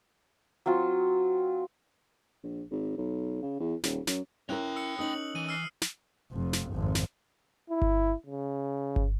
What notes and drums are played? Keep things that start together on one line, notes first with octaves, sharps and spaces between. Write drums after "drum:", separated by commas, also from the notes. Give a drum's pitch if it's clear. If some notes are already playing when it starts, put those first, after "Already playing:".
F#3 C4 F4
A#1
G#1
B1
C#3
E2
D#1, drum: snare
F#2, drum: snare
C#4 E4 A#4 C#5 G5 F#6 F7
E6 C#7
C#4 D#4 A#4 D#6 F#7
E3 D#7
E6 F6 C7
drum: snare
F1 F2
drum: snare
G#1 F2
drum: snare
E4
drum: kick G1
C#3
drum: kick G1